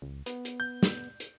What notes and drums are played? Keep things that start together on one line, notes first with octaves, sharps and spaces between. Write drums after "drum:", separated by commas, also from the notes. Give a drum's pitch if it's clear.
C#2
B3, drum: hi-hat
drum: hi-hat
G6
drum: snare
drum: hi-hat